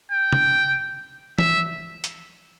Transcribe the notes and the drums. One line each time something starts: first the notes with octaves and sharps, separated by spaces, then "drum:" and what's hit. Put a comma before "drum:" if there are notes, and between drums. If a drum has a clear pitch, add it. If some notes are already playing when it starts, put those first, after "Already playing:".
G5
drum: tom
E5, drum: tom
drum: hi-hat